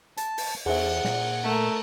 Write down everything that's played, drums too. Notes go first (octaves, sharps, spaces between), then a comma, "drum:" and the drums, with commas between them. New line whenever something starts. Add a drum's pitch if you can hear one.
A5, drum: hi-hat
drum: open hi-hat
E2 G#4 C5 E5 F#5, drum: cymbal
A#2, drum: snare
A3 A#4